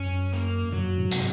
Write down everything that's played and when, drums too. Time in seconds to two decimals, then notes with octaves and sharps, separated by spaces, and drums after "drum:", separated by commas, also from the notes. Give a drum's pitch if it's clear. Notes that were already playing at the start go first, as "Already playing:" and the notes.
Already playing: F#2 C#4
0.33 A#3
0.72 F#2 F#3
0.98 G#2
1.11 C3, drum: hi-hat